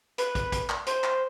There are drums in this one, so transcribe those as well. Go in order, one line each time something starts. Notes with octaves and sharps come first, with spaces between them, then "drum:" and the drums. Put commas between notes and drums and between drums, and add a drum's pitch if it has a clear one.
B4, drum: hi-hat
drum: kick, hi-hat
drum: kick, hi-hat
drum: clap
C5, drum: hi-hat
drum: clap